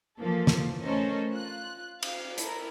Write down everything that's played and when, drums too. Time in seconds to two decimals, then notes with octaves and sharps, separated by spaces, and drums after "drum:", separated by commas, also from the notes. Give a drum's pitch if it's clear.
0.19 E3 F3 A#3 A4
0.47 drum: snare
0.83 A3 C#4 A4 A#4 C5 D#5
1.31 F4 F#6
2.03 F5, drum: cymbal
2.38 E4 A4 A#4, drum: hi-hat